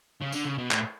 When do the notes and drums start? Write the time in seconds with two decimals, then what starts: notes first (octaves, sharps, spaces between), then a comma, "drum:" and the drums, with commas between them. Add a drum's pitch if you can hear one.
0.21 C#3
0.32 D3, drum: tambourine
0.44 C#3
0.58 B2
0.71 A2, drum: clap